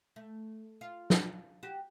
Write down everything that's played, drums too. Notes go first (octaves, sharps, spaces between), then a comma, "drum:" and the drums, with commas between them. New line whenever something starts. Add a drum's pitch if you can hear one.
A3
F4
drum: snare
F#4 G4